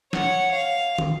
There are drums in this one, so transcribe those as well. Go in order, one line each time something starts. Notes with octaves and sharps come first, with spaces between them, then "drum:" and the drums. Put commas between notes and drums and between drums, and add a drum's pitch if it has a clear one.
C#5 F#5, drum: snare
F5
drum: tom